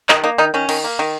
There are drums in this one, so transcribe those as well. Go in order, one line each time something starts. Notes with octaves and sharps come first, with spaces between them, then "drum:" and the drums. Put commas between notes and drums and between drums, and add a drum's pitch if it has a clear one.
D#3 D#4, drum: clap
A#3 D#4
D#3 D#4
D#3 C#4
D#3, drum: cymbal
A#3
D#3